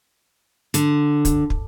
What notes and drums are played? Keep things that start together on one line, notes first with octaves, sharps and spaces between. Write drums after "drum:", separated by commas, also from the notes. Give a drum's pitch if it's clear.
D3, drum: hi-hat
drum: kick, hi-hat
drum: kick